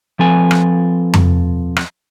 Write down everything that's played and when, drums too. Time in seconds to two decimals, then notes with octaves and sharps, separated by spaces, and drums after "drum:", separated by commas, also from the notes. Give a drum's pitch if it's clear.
0.19 F3 C4 A4 B4 G#5
0.51 drum: rim click
1.14 drum: tom F2
1.76 drum: rim click